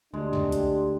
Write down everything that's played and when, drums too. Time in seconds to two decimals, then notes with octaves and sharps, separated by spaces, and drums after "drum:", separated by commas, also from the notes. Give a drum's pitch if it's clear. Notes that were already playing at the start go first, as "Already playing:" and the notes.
0.14 D2 G#3 D4 G4
0.33 drum: tom
0.52 drum: hi-hat